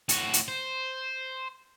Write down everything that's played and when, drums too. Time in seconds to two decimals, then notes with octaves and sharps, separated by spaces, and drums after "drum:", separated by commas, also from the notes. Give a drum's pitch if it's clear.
0.09 A2 F#4, drum: hi-hat
0.34 drum: hi-hat
0.48 C5